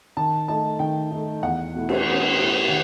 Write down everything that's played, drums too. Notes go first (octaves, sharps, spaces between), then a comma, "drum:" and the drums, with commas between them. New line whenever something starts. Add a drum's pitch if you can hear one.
D#3 A5
A3 D#4 A5
D#3 G5
A3 D#4
E2 F#5
B2 A3 E4
drum: cymbal
E2
B2 A3 E4
D#3 F#5